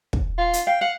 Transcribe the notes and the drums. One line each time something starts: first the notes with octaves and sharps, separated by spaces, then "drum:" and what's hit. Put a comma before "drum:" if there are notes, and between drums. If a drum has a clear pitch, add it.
drum: kick
F4
drum: hi-hat
F5 G5
F5 F#5